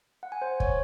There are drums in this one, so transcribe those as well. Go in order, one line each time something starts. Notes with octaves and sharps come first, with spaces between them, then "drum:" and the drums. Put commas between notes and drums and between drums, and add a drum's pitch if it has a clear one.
F#5
G#5
C5
C#5, drum: kick